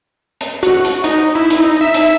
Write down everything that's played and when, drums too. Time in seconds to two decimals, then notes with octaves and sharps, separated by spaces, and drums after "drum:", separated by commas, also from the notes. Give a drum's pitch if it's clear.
0.41 drum: hi-hat
0.63 F#4, drum: hi-hat
0.85 drum: hi-hat
1.04 D#4, drum: hi-hat
1.35 E4
1.50 drum: hi-hat
1.60 D#4
1.81 E5
1.94 drum: hi-hat